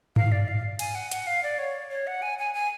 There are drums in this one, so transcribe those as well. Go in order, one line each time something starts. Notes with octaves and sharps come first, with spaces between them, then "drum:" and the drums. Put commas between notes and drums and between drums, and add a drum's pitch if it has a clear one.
F5, drum: tom G2
D5
F5
G#5, drum: cymbal
F#5
F#5, drum: hi-hat
F5
D5
C#5
C#5
F#5
G#5
G#5
G#5